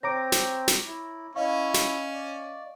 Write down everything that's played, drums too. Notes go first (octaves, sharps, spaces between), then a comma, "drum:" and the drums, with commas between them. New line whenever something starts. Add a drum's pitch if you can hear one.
C4 C5 C#5 A#5 D6 A#6 D7
drum: snare
drum: snare
E4
C#4 E4 D#5 F5 C#6
drum: snare
D5